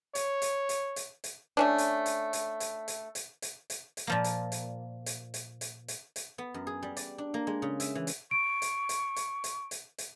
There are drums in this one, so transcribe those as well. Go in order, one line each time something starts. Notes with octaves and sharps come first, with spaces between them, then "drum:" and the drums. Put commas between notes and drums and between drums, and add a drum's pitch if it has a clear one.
C#5, drum: hi-hat
drum: hi-hat
drum: hi-hat
drum: hi-hat
drum: hi-hat
A3 C#4 D4
drum: hi-hat
drum: hi-hat
drum: hi-hat
drum: hi-hat
drum: hi-hat
drum: hi-hat
drum: hi-hat
drum: hi-hat
drum: hi-hat
A#2 F3 A#3
drum: hi-hat
drum: hi-hat
drum: hi-hat
drum: hi-hat
drum: hi-hat
drum: hi-hat
drum: hi-hat
B3
F#2
G#4
G3
D5, drum: hi-hat
D4
A#3
G#3
C#3
E5, drum: hi-hat
E3
drum: hi-hat
C#6 D7
drum: hi-hat
drum: hi-hat
drum: hi-hat
drum: hi-hat
drum: hi-hat
drum: hi-hat